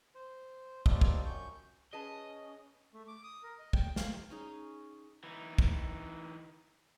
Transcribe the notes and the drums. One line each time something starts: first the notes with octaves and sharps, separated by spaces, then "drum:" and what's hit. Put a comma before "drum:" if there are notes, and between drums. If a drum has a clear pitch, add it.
C5
G3 C4 D4 D#4 F4 A4, drum: kick
drum: kick
F#2 C#6 G6
C#4 G#4 B4 D#5 A5
A3
D6
D#6
A#4
D#5
G5, drum: kick
F5, drum: snare
C#4 D#4 G#4
E3 D#4
drum: kick